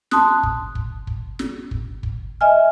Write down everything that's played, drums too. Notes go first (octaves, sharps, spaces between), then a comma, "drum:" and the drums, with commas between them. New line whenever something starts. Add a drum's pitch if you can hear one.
A5 C6 D#6 F#6, drum: snare
drum: kick
drum: kick
drum: kick
drum: snare
drum: kick
drum: kick
D#5 E5 G#5 F6